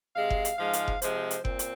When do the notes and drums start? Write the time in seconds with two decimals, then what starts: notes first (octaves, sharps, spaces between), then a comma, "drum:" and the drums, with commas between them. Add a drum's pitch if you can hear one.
0.16 C3 G#3 F5
0.30 drum: kick F#1
0.45 drum: hi-hat
0.59 G#2 F3 G#3 F5
0.73 drum: hi-hat
0.88 drum: kick F#1
1.02 C3 F3 G#3 C5, drum: hi-hat
1.30 drum: hi-hat
1.45 A#2 C4, drum: kick F#1
1.59 drum: hi-hat